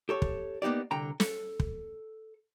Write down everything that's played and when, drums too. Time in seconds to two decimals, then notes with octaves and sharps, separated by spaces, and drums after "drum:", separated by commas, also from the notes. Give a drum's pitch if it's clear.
0.09 G4 A4 C#5
0.22 drum: kick
0.62 A#3 B3 D#4 G4 D5
0.91 C2 D3 G5 A#5
1.20 A4, drum: snare
1.60 drum: kick